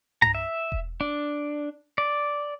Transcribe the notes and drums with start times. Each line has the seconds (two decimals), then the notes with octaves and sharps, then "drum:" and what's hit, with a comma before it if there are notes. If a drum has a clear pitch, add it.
0.22 A#5, drum: tom G2
0.35 E5
0.72 drum: kick E1
1.01 D4
1.98 D5